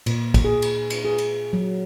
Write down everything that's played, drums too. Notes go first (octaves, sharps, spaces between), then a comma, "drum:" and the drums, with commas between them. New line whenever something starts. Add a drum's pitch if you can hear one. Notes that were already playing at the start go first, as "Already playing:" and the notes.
A#2, drum: cymbal
drum: kick, cymbal
G#4
drum: cymbal
drum: cymbal
G#4
drum: cymbal
F#3